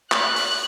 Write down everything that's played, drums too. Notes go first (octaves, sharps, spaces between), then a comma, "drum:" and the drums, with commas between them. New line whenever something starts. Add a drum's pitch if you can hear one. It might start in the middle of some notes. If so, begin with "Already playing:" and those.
F#6, drum: clap
drum: open hi-hat